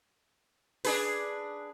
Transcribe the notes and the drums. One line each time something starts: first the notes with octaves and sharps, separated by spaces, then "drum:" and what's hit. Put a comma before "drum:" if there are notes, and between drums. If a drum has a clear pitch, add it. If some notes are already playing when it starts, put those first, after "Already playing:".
D4 G#4 B4, drum: open hi-hat